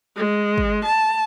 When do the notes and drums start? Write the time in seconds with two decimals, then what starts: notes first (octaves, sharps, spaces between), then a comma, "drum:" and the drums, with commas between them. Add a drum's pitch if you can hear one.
0.16 G#3
0.58 drum: kick
0.85 A5